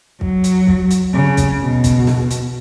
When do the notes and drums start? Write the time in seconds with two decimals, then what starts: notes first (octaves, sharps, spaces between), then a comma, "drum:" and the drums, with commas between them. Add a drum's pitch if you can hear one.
0.21 F#3, drum: kick
0.44 drum: hi-hat
0.67 drum: kick
0.91 drum: hi-hat
1.14 C#3
1.37 drum: kick, hi-hat
1.61 B2
1.84 drum: kick, hi-hat
2.07 drum: snare
2.31 drum: hi-hat